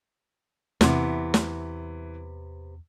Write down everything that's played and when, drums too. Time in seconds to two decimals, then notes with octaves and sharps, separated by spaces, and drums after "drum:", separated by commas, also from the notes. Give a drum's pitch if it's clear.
0.81 E2 C3 E3 B3, drum: snare
1.34 drum: snare